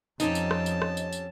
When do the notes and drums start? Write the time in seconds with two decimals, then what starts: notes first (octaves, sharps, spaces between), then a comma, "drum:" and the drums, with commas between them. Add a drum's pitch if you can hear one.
0.20 F2 C4 C#4 D#4 G4 A5, drum: tambourine
0.35 drum: tambourine
0.51 drum: rim click
0.66 drum: tambourine
0.82 drum: rim click
0.97 drum: tambourine
1.12 drum: tambourine